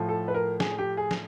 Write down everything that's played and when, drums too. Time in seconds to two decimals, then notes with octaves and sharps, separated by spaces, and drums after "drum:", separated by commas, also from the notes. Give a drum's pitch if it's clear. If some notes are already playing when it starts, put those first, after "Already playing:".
Already playing: A2 F3
0.09 A4
0.28 B4
0.34 A#4
0.60 G#4, drum: snare
0.78 G4
0.97 G#4
1.11 drum: snare